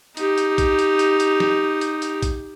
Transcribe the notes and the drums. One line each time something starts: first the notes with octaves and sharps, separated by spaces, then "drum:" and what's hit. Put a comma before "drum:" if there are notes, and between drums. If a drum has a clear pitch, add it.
D#4 G4, drum: hi-hat
drum: hi-hat
drum: kick A#1, hi-hat
drum: hi-hat
drum: hi-hat
drum: hi-hat
drum: snare
drum: hi-hat
drum: hi-hat
drum: kick A#1, hi-hat